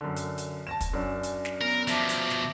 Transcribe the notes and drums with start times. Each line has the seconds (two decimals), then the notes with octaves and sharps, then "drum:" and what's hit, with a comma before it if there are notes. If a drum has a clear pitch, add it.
0.01 F#2 D3
0.16 drum: hi-hat
0.38 drum: hi-hat
0.67 A5 A#6 E7
0.81 drum: kick, hi-hat
0.93 F#2 C#4 D4
1.23 drum: hi-hat
1.45 drum: snare
1.61 B3 A#4
1.88 B2 F3 E5 A5 D6, drum: hi-hat
2.09 drum: hi-hat
2.30 drum: snare